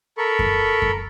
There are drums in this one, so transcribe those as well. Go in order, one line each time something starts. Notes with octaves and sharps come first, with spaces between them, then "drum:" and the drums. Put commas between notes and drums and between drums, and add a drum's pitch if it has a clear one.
A4 A#4 B5 C#6
drum: kick F#2
drum: kick F#2